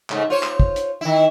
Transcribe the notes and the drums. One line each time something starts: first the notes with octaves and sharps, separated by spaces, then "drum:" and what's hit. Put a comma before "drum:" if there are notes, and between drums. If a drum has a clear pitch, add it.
G#2 C#3 A3, drum: clap
F4 C5 C#5
drum: clap
drum: kick
drum: hi-hat
D#3 E4